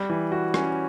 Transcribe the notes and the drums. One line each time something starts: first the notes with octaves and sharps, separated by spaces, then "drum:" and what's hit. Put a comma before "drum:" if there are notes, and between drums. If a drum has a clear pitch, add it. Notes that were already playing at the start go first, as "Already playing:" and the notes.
Already playing: G3
E3
F#4
C#4, drum: rim click